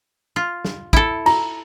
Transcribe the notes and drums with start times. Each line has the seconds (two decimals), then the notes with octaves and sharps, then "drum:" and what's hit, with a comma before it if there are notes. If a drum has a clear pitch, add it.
0.36 F4
0.65 drum: snare
0.93 E4 A4, drum: kick
1.26 A#5, drum: cymbal